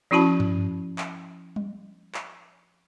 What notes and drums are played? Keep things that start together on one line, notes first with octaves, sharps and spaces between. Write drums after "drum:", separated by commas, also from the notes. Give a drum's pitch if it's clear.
F3 C#4 E4 F#4 A5 B5
drum: tom G2
drum: clap
drum: tom G3
drum: clap